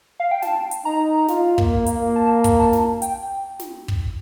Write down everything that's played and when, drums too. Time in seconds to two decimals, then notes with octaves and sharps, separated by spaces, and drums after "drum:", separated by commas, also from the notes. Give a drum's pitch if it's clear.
0.20 F5
0.31 G5
0.42 A5, drum: snare
0.71 drum: hi-hat
0.85 D#4 A#5
1.28 F4, drum: snare
1.58 A#3, drum: kick
1.86 A#3, drum: hi-hat
2.16 A5
2.44 drum: kick, hi-hat
2.59 A5
2.73 drum: snare
3.02 G5, drum: hi-hat
3.59 drum: snare
3.88 drum: kick